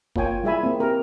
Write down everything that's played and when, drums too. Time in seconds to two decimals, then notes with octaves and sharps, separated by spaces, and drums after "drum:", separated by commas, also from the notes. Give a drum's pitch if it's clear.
0.16 A#3 F4 C#5 G5 G#5, drum: kick F#1
0.44 G3 E4 G#4 E5 G#5 B5
0.63 A#3 C4
0.80 G4 A#4